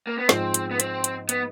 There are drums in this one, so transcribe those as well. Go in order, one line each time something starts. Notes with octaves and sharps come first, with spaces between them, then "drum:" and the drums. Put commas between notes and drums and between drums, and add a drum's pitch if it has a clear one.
A#3
B3
G#2 F3 G#3 C4, drum: snare
drum: hi-hat
B3
C4, drum: hi-hat
drum: hi-hat
B3, drum: hi-hat